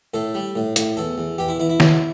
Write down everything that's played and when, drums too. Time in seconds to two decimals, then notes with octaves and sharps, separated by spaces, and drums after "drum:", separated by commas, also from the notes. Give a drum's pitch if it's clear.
0.14 A2 A4
0.35 G3
0.56 A2
0.76 A2, drum: hi-hat
0.97 E2 A4
1.18 E2
1.38 E2 G4
1.48 E4
1.59 E2 E4
1.70 E4
1.80 E2, drum: snare D#3